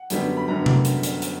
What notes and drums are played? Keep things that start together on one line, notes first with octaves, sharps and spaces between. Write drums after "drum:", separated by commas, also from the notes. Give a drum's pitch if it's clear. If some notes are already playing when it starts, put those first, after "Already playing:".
Already playing: F#5
F#2 D3 G3 B3, drum: hi-hat
B5
F#2 D3 G3 B3 A#5
drum: tom C3
drum: hi-hat
drum: hi-hat
drum: hi-hat